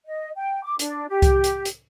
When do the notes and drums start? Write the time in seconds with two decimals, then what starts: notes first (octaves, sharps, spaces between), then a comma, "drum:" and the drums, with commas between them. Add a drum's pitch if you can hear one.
0.05 D#5
0.36 G5
0.64 D6
0.79 D4, drum: hi-hat
1.09 G4
1.22 drum: kick C2, hi-hat
1.44 drum: hi-hat
1.65 drum: hi-hat